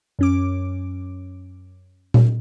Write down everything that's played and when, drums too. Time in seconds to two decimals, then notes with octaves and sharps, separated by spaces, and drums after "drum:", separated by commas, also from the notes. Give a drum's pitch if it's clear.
0.19 F#2 C#4 D6
2.14 drum: tom A#2